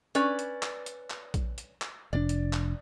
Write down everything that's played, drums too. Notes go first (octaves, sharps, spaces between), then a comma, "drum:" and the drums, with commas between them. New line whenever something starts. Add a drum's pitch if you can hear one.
C#4 B4 D5, drum: hi-hat
drum: hi-hat
drum: clap
drum: hi-hat
drum: clap
drum: kick A#1, hi-hat
drum: hi-hat
drum: clap
F1 A2 D4 D5
drum: hi-hat
drum: clap